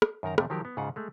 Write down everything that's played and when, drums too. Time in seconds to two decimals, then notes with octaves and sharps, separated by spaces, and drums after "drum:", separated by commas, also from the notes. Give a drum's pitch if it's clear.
0.02 drum: rim click
0.23 F#2 D#3 A#4 A#5
0.38 F2 C3 A3, drum: rim click
0.50 D#3 F3 F#3 G4 A#4
0.65 B3
0.77 G#2 C#3 F4 F#5
0.96 G#3 A3